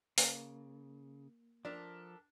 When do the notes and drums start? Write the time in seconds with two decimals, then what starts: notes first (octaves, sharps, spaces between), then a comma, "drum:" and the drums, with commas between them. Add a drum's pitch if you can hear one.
0.18 C#3 A#3, drum: open hi-hat
1.65 F3 D4 G4 A4 A#4